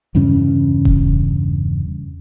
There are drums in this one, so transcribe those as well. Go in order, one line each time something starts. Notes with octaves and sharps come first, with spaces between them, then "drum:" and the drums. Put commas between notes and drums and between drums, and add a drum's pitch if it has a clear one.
E2 G2 C#3 C#4
drum: kick D#1